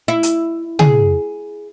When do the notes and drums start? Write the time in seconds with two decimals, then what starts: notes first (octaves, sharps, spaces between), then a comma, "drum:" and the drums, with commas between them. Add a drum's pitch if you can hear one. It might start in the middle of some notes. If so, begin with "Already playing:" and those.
0.08 E4
0.23 drum: hi-hat
0.79 G#4, drum: tom